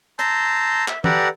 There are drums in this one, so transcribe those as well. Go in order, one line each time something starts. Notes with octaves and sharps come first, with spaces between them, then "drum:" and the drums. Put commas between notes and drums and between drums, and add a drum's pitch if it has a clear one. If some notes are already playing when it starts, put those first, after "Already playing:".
A5 A#5 C6 E6 G6, drum: hi-hat
E5, drum: clap
G4 A4 B4 D5 F#5 A#5, drum: tom E3